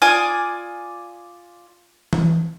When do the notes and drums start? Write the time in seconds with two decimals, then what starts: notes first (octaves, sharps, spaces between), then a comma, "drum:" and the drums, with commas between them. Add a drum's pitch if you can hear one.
0.02 F4 D5 G#5 D#6
2.13 drum: tom E3